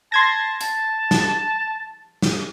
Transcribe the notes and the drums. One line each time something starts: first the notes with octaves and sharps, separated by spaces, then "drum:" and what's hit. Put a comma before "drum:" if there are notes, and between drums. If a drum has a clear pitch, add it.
A5 C6 G#6 A#6
A5, drum: hi-hat
drum: snare
drum: snare